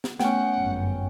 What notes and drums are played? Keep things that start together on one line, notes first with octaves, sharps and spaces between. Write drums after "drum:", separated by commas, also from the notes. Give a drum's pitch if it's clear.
drum: snare
A3 B3 C#4 F#5 G5, drum: snare
G1 F#2